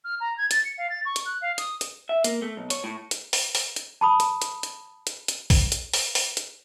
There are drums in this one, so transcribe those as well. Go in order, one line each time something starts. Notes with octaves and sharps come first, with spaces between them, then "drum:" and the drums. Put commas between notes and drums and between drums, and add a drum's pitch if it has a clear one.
F6
A#5
G#6
A6, drum: hi-hat
C#7
F5
A6
C#6
drum: hi-hat
F#6
F5
D#6, drum: hi-hat
drum: hi-hat
E5
A#3, drum: hi-hat
A3
B1
C#5, drum: hi-hat
A2
drum: hi-hat
drum: open hi-hat
drum: open hi-hat
drum: hi-hat
A5 B5 D#6
drum: hi-hat
drum: hi-hat
drum: hi-hat
drum: hi-hat
drum: hi-hat
drum: kick, open hi-hat
drum: hi-hat
drum: open hi-hat
drum: open hi-hat
drum: hi-hat